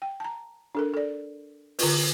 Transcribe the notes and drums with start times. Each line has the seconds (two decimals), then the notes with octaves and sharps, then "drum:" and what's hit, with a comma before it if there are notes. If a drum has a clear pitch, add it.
0.02 G5
0.20 A5 A#5
0.75 D4 A4 A#4
0.94 A4 D5
1.79 D3 F4 B4, drum: open hi-hat